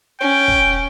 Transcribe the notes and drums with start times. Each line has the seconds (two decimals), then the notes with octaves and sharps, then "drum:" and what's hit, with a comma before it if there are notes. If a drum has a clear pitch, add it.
0.21 C#4 G5
0.48 drum: kick